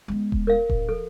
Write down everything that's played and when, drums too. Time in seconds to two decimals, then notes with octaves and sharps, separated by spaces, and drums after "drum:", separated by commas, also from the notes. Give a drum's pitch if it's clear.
0.08 G#3 B3
0.32 drum: kick D#1
0.47 A#4 F5
0.70 A1, drum: kick D#1
0.89 F3 A4